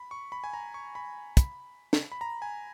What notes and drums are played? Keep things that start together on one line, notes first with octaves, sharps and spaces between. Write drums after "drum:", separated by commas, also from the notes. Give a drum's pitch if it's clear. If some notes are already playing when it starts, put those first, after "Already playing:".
Already playing: B5
C#6
B5
G#5
A#5
C#6
B5
B5, drum: kick, hi-hat
drum: snare
B5
A#5
G#5